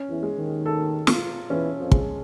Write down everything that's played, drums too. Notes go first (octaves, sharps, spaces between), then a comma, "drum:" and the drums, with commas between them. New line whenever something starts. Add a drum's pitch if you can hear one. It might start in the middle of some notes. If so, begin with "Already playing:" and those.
Already playing: C#4
E2 E3
G#3
D#2 D#3
A4
F4, drum: snare
E2 E3 C#4
F2 F3
G#3, drum: kick